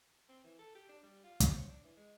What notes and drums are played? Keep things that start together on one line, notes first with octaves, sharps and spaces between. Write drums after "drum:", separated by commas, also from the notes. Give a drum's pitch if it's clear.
C4
E3
A4
G4
D4
G3
F4
C5, drum: kick, hi-hat
C#5
D4
E3
G#3